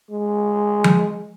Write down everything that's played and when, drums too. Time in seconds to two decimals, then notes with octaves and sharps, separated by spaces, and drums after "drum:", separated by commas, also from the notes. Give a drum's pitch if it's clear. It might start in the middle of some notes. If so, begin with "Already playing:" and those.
0.10 G#3
0.84 drum: tom F3